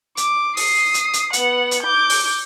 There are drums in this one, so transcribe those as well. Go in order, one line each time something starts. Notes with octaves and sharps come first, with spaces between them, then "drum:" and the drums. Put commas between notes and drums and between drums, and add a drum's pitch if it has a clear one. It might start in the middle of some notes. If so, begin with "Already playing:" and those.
D6, drum: hi-hat
D#6 C7, drum: open hi-hat
drum: hi-hat
drum: hi-hat
B3 F#5, drum: hi-hat
drum: hi-hat
D6 G6
drum: open hi-hat